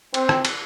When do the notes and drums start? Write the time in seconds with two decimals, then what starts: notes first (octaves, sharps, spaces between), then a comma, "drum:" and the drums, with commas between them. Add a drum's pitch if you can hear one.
0.14 C4, drum: cymbal
0.29 drum: rim click
0.45 drum: cymbal